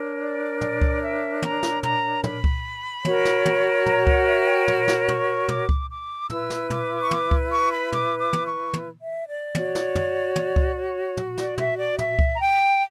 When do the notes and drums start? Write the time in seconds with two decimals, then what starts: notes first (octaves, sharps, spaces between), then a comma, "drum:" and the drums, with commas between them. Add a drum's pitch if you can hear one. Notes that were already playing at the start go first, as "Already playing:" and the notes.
Already playing: D4 A#4 C#5
0.20 D5
0.61 D5, drum: tom
0.81 drum: kick C#2
1.02 E5
1.42 A#5, drum: tom
1.63 drum: snare
1.83 A#5, drum: tom
2.24 B5, drum: tom
2.44 drum: kick C#2
3.05 F#4 A#4 C#5, drum: tom
3.25 drum: snare
3.45 drum: tom
3.86 A#5, drum: tom
4.07 F#5, drum: kick C#2
4.27 E5
4.42 F#5
4.47 G5
4.68 B5, drum: tom
4.88 drum: snare
5.08 C#6, drum: tom
5.48 D6, drum: tom
5.69 drum: kick C#2
5.89 D6
6.30 E4 B4 E6, drum: tom
6.50 drum: snare
6.70 D6, drum: tom
7.01 C#6
7.11 D6, drum: tom
7.31 drum: kick C#2
7.51 C#6
7.72 B5
7.92 D6, drum: tom
8.19 D6
8.33 drum: tom
8.46 C#6
8.73 drum: tom
9.01 E5
9.28 D5
9.55 F#4 C#5, drum: tom
9.75 drum: snare
9.95 drum: tom
10.36 D5, drum: tom
10.56 drum: kick C#2
10.76 C#5
11.17 drum: tom
11.37 D5, drum: snare
11.58 E5, drum: tom
11.78 D5
11.98 E5, drum: tom
12.19 drum: kick C#2
12.34 A#5
12.39 G5